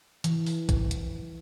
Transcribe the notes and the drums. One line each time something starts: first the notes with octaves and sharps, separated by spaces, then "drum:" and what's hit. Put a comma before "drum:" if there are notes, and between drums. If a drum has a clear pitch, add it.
E3, drum: hi-hat
drum: open hi-hat
drum: kick, hi-hat
drum: hi-hat